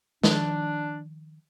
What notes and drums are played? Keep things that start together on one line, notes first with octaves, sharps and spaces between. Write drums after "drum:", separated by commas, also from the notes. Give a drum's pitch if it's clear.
D#3 F3 D4, drum: snare